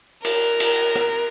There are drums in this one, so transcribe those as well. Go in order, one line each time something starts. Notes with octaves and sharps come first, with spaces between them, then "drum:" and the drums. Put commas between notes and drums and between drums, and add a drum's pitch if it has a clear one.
A#4, drum: cymbal
drum: cymbal
drum: rim click